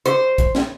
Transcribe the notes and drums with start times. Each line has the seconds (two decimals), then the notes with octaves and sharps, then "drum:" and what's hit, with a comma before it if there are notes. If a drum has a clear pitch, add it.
0.06 C5, drum: hi-hat
0.38 drum: kick, hi-hat
0.55 drum: snare